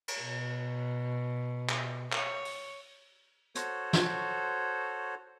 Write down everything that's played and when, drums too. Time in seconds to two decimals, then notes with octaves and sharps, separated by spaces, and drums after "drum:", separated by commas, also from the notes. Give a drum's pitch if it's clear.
0.08 drum: cymbal
0.21 B2
1.69 drum: clap
2.12 C#5, drum: clap
2.45 drum: open hi-hat
3.55 F#4 A4 C5 C#5, drum: hi-hat
3.93 drum: snare